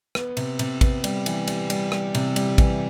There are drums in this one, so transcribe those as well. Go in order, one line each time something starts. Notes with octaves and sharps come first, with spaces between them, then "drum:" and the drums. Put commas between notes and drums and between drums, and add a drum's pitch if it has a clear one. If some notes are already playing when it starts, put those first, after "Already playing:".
B3, drum: rim click
C3, drum: cymbal
C3, drum: cymbal
B3, drum: kick, cymbal
G3, drum: cymbal
E3, drum: cymbal
G3, drum: cymbal
G3, drum: cymbal
G3, drum: rim click
C3, drum: cymbal
G3, drum: cymbal
E3, drum: kick, cymbal